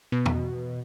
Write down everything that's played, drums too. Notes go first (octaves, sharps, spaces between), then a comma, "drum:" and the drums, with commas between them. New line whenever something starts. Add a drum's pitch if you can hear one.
B2
drum: tom E2